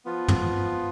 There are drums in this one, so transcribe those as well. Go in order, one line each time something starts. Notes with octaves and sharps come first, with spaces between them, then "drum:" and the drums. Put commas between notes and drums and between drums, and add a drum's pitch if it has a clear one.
F3 B3 F4
drum: tom